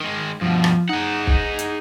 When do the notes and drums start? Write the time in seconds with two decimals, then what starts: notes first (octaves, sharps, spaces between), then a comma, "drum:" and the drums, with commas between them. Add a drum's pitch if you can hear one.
0.01 D#3 G#3
0.41 G2 B2 F3
0.64 drum: rim click
0.89 D#4 G#4 F#5
1.27 drum: kick
1.59 drum: hi-hat